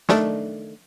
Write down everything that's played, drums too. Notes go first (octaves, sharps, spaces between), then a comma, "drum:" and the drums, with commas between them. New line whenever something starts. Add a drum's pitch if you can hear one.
D#3 A3 D4, drum: snare